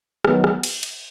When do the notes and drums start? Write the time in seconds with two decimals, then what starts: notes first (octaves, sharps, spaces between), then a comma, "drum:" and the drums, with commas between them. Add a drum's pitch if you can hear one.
0.25 D#3 F#3 B3, drum: rim click
0.44 drum: rim click
0.63 drum: cymbal
0.83 drum: cymbal